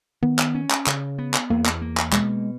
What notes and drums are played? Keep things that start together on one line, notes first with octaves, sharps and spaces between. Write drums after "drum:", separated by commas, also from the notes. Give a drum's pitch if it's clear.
D#3 B3
drum: clap
C#4
drum: clap
C#3, drum: clap
B3
drum: clap
E2 A#3
drum: clap
A#3
drum: clap
B2 G#3, drum: clap